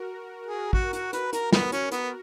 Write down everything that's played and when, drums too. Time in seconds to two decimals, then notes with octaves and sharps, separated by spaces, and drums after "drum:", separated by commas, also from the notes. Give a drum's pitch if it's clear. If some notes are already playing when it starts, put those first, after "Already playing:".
Already playing: F#4 A#4
0.47 G#4
0.73 F#4, drum: kick
0.93 F#4, drum: hi-hat
1.13 B4, drum: hi-hat
1.33 A#4, drum: hi-hat
1.52 B3, drum: snare
1.72 C#4, drum: hi-hat
1.91 B3, drum: hi-hat